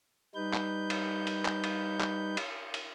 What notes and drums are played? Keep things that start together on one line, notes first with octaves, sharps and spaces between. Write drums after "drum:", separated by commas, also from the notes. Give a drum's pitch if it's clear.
G3 D#4 B4 G6
drum: clap
drum: cymbal
drum: cymbal
drum: clap
drum: cymbal
drum: clap
drum: cymbal
drum: cymbal